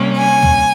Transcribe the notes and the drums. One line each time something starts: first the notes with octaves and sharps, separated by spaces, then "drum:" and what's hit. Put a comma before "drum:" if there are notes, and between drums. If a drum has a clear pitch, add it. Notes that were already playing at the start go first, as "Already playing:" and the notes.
Already playing: C3 G3 A#3 C#4
G#5
drum: tom